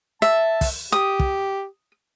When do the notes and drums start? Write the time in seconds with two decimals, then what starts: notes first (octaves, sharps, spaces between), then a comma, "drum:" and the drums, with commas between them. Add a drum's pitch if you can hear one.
0.22 E5 A5
0.61 drum: kick, open hi-hat
0.92 G4 D#6
1.19 drum: kick